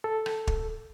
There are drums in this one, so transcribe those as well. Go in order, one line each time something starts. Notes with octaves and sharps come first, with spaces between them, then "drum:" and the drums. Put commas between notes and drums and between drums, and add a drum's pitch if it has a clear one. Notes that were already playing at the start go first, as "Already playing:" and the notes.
A4
drum: rim click
drum: kick